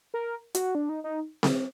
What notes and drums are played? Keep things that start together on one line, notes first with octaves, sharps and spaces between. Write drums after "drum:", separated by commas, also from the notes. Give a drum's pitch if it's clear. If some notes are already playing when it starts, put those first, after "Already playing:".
A#4
F#4, drum: hi-hat
D4
D#4
D#4
drum: snare C4